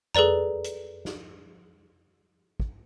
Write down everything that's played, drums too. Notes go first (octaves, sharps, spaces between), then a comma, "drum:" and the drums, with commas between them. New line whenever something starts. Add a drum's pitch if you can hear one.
G#4 A4 B4 D5 A#5, drum: tom F2
drum: hi-hat
drum: snare
drum: kick